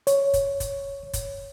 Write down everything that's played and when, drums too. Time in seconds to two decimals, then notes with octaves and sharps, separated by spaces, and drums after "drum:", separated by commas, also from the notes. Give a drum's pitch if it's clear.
0.07 C#5, drum: hi-hat
0.34 drum: kick, hi-hat
0.60 drum: kick, hi-hat
1.13 drum: kick, hi-hat